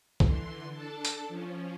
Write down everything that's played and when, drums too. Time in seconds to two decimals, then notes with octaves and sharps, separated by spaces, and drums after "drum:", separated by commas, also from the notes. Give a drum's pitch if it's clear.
0.20 D3 E3 C6, drum: kick
0.73 D4 A4 A5
1.05 drum: hi-hat
1.28 F3 C#4